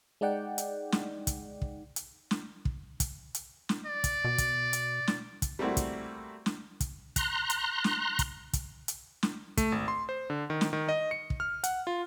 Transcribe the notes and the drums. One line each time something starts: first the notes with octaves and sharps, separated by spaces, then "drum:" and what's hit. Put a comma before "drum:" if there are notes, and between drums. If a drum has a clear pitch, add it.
G#3 D#4 D5 F#5 G5
drum: hi-hat
drum: snare
drum: kick, hi-hat
drum: kick
drum: hi-hat
drum: snare
drum: kick
drum: kick, hi-hat
drum: hi-hat
drum: snare
D5
drum: kick, hi-hat
B2
drum: kick, hi-hat
drum: hi-hat
drum: snare
drum: kick, hi-hat
G3 A3 A#3 C4 E4 F#4
drum: kick, hi-hat
drum: snare
drum: kick, hi-hat
A#5 C6 F#6, drum: kick, hi-hat
drum: hi-hat
drum: snare
drum: kick, hi-hat
drum: kick, hi-hat
drum: hi-hat
drum: snare
A3, drum: kick, hi-hat
G#1
C6
C5
D3
D#3
drum: snare
D#3
D#5
C#7
drum: kick
F6
F#5, drum: hi-hat
F4